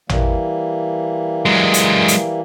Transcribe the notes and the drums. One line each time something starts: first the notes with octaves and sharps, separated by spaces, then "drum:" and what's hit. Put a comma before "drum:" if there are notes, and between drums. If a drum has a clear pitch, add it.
E3 G3 A#3, drum: tom A1
F#3 G#3
drum: hi-hat
drum: hi-hat